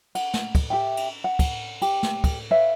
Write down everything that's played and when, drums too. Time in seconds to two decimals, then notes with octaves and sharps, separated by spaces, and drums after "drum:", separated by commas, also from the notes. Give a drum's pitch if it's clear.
0.15 F#5, drum: cymbal
0.34 drum: snare
0.55 drum: kick, cymbal
0.70 G4 E5 G5
0.97 drum: cymbal
1.24 F#5
1.39 drum: kick, cymbal
1.82 G4, drum: cymbal
2.03 drum: snare
2.24 drum: kick, cymbal
2.51 B4 C#5 E5 F5